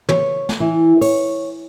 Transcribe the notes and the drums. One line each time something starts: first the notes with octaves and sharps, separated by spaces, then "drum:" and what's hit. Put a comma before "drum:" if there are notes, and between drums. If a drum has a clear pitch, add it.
C#5, drum: tom
drum: snare
E3
C#5, drum: open hi-hat